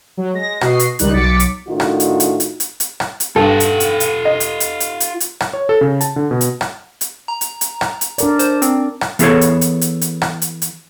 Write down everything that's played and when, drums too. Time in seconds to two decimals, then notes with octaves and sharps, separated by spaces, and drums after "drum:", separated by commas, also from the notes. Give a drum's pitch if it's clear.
0.17 F#3
0.33 G#3 A#6
0.61 B2 F#4 D#5 C7, drum: rim click
0.79 drum: hi-hat
0.99 C#2 D#3 G3 D#4 F#6, drum: hi-hat
1.14 B1 F#3 D6 A6 B6 C#7
1.40 drum: hi-hat
1.68 A2 D#3 D4 D#4 F4 F#4
1.80 drum: rim click
2.00 drum: hi-hat
2.20 drum: hi-hat
2.40 drum: hi-hat
2.60 drum: hi-hat
2.80 drum: hi-hat
3.00 drum: rim click
3.20 drum: hi-hat
3.36 G2 F4 A4 F#5
3.60 drum: hi-hat
3.80 drum: hi-hat
4.00 drum: hi-hat
4.25 D#5
4.40 drum: hi-hat
4.60 drum: hi-hat
4.80 drum: hi-hat
5.00 drum: hi-hat
5.20 drum: hi-hat
5.40 drum: rim click
5.53 C#5
5.69 A4
5.81 C#3
6.01 A5, drum: hi-hat
6.16 D3
6.31 B2
6.41 drum: hi-hat
6.61 drum: rim click
7.01 drum: hi-hat
7.28 A#5
7.41 drum: hi-hat
7.61 drum: hi-hat
7.81 drum: rim click
8.01 drum: hi-hat
8.18 D4 A#4 D5, drum: hi-hat
8.39 C5, drum: hi-hat
8.62 C4, drum: hi-hat
9.01 drum: rim click
9.19 E3 B3 G#4 A4 C#5, drum: hi-hat
9.41 drum: hi-hat
9.61 drum: hi-hat
9.81 drum: hi-hat
10.01 drum: hi-hat
10.22 drum: rim click
10.42 drum: hi-hat
10.62 drum: hi-hat